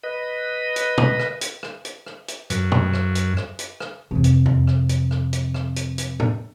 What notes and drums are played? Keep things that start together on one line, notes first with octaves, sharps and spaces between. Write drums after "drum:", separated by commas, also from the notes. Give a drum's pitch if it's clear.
B4 D#5
drum: hi-hat
drum: tom
drum: rim click
drum: hi-hat
drum: rim click
drum: hi-hat
drum: rim click
drum: hi-hat
F#2, drum: hi-hat
drum: tom
drum: rim click
drum: hi-hat
drum: rim click
drum: hi-hat
drum: rim click
F2 C3
drum: hi-hat
drum: tom
drum: rim click
drum: hi-hat
drum: rim click
drum: hi-hat
drum: rim click
drum: hi-hat
drum: hi-hat
drum: tom A2